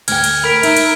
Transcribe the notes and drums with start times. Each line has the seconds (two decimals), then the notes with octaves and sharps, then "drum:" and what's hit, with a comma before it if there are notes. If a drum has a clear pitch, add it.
0.08 D2 G5 F6 G#6, drum: cymbal
0.24 drum: cymbal
0.44 A#4 B5 B6 D7
0.63 D#4 E5, drum: cymbal
0.77 drum: cymbal